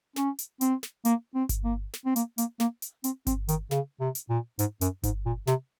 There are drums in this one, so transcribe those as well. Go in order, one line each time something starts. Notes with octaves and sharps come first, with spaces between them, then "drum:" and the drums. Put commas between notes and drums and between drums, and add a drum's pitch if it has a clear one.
C#4, drum: snare
drum: hi-hat
C4, drum: hi-hat
drum: snare
A#3, drum: hi-hat
C4
drum: kick G1, hi-hat
A#3
drum: snare
C4
A#3, drum: hi-hat
A#3, drum: hi-hat
A#3, drum: snare
drum: hi-hat
C4, drum: hi-hat
C4, drum: kick G1, hi-hat
D#3, drum: hi-hat
C#3, drum: snare
C3
drum: hi-hat
A#2
G#2, drum: hi-hat
F#2, drum: hi-hat
G#2, drum: kick G1, hi-hat
A#2
C3, drum: snare